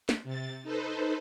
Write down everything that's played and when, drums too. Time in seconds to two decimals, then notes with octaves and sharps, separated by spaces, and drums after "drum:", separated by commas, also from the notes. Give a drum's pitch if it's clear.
0.09 drum: snare
0.24 C3 A6
0.63 D#4 A4 B4 C5